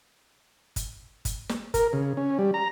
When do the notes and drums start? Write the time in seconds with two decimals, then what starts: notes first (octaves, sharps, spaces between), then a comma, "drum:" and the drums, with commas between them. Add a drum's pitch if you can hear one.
0.76 drum: kick G1, hi-hat
1.25 drum: kick G1, hi-hat
1.49 drum: snare
1.74 A#4, drum: kick G1, hi-hat
1.93 C#3
2.17 C#4
2.39 G3
2.54 A#5